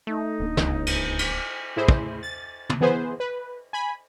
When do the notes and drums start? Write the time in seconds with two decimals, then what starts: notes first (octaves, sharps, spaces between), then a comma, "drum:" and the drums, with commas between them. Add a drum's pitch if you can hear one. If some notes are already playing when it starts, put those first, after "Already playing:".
0.07 A3 D#4
0.40 D1 A#3 D4
0.57 C#2, drum: snare
0.87 drum: cymbal
1.19 drum: cymbal
1.76 A2 E4 G#4 C5
1.88 drum: kick
2.23 A6
2.70 drum: tom
2.81 E3 B3 G#4 B4 C5
3.20 B4
3.73 G#5 B5